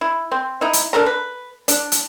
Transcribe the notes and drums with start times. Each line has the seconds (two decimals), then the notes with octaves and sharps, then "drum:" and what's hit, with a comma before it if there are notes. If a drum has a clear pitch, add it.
0.01 E4
0.31 C4
0.61 D#4 E4
0.73 drum: hi-hat
0.93 D4 A4 A#4 A#5
1.06 B4
1.68 D4, drum: hi-hat
1.92 drum: hi-hat